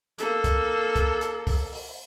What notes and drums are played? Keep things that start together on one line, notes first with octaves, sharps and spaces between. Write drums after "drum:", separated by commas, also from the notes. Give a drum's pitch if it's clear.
A#3 A4, drum: hi-hat
drum: kick C2, hi-hat
drum: kick C2, hi-hat
drum: hi-hat
drum: kick C2, open hi-hat
drum: open hi-hat